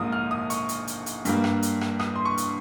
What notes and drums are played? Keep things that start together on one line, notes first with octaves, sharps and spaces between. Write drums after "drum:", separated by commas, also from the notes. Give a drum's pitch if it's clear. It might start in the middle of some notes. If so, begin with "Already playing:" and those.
Already playing: A#1 G#2 F3 A#3 D#6
F6
D#6
C#6, drum: hi-hat
drum: hi-hat
drum: hi-hat
drum: hi-hat
G2 G3 A#3, drum: hi-hat
drum: rim click
drum: hi-hat
drum: rim click
D#6, drum: rim click
C6
C#6
drum: hi-hat